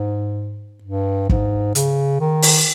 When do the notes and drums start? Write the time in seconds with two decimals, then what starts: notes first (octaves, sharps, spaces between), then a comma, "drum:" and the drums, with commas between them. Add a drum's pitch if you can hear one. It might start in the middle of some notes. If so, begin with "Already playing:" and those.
Already playing: G#2
0.84 G2
1.29 G#2, drum: kick
1.75 C#3, drum: hi-hat
2.20 D#3
2.42 drum: open hi-hat